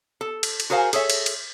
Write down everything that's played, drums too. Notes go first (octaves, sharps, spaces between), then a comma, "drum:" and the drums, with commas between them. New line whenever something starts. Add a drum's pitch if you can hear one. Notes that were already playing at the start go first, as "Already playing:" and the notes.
A4
drum: cymbal
drum: cymbal
F#4 G#4 A#4 C5 F5 G#5
G#4 A4 C#5 E5, drum: cymbal
drum: cymbal
drum: cymbal